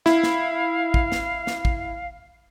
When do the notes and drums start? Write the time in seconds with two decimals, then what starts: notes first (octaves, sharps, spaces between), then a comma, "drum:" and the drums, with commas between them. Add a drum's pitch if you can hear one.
0.06 E4 F5, drum: snare
0.23 drum: snare
0.94 drum: kick
1.12 drum: snare
1.47 drum: snare
1.65 drum: kick